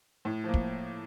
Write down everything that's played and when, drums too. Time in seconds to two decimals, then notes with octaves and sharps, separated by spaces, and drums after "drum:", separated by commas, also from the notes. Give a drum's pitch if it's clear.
0.25 A2
0.44 F3 A#3
0.54 drum: kick